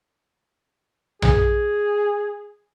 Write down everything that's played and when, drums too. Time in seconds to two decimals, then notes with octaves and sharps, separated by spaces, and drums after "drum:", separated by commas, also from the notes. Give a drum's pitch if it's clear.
1.22 G#4, drum: tom B1